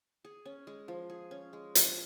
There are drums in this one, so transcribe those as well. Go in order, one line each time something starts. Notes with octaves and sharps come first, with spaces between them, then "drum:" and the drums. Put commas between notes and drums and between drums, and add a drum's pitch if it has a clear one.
G#4
C#4
G#3
F3
G#4
C#4
G#3
F3, drum: hi-hat